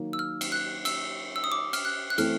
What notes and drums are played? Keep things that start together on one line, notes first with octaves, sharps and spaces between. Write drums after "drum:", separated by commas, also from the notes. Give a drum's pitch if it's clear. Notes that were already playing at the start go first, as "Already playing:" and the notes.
Already playing: D#3 F#3 A#3
E6
F6
drum: cymbal
F#6
E6, drum: cymbal
E6
D#6
D6
F6, drum: cymbal
F#6
F#6
E3 A3 C4 F6, drum: cymbal